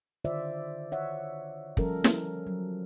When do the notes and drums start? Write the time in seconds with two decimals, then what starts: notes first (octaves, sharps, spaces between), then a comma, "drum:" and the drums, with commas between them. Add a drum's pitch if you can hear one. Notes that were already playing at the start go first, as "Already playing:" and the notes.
0.25 D3 D#3 F4 C5 D5 E5
0.92 C#5 E5 F#5
1.77 F3 G3 C#4 A4 A#4, drum: kick
2.04 drum: snare
2.47 F#3